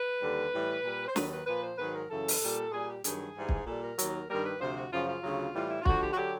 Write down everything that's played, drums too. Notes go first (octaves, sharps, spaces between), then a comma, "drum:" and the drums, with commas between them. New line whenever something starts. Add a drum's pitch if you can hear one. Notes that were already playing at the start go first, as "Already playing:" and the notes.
Already playing: B4
D#2 D3 G3
A2 E3 G3
A#2 G3
C5
D#2 D#3 F#3 B4, drum: snare
B4
A#2 F3 B4
C5
G#2 D#3 F#3 B4
A#4
F#2 C#3 E3 A4
drum: open hi-hat
A#2 G3
A#2 G3 G#4
G4
G2 D#3 F#3 G#4, drum: hi-hat
G#2 E3 G3
drum: kick
A#2 G3 A4
A#4
D#2 D#3 F#3, drum: hi-hat
G2 D#3 G3 A#4
B4
D2 C3 F3 C5
F#4
F#2 C#3 F3 F4
F4
D2 C#3 F#3
A2 E3 G3 F4
E4
F4
D2 D3 F3 F#4, drum: kick
G4
F#4
D3 F#3 G4